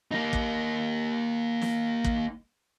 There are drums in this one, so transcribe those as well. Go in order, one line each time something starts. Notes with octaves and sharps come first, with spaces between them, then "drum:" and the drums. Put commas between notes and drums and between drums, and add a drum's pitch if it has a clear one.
A#3 D#4
drum: kick
drum: snare
drum: kick